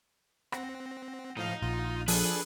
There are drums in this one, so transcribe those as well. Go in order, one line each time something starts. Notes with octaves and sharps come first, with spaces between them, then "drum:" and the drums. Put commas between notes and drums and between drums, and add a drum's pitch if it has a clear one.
C4 F#5 A#6, drum: rim click
A2 F3 D#4 F5
A#1 F4
F3 D4 G#4 A4 B4 D#7, drum: open hi-hat